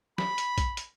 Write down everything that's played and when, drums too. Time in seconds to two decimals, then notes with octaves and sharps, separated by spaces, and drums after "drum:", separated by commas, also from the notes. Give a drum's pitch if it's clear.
0.18 B5, drum: snare
0.38 drum: hi-hat
0.58 drum: kick, hi-hat
0.77 drum: hi-hat